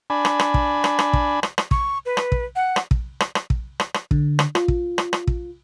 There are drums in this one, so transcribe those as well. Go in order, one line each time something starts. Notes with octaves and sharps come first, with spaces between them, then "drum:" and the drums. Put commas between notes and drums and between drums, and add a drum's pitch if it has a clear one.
D4 G#5 B5
drum: rim click
drum: rim click
drum: kick
drum: rim click
drum: rim click
drum: kick
drum: rim click
drum: rim click
C#6, drum: kick
B4
drum: rim click
drum: kick
F#5
drum: rim click
drum: kick
drum: rim click
drum: rim click
drum: kick
drum: rim click
drum: rim click
D3, drum: kick
drum: rim click
F4, drum: rim click
drum: kick
drum: rim click
drum: rim click
drum: kick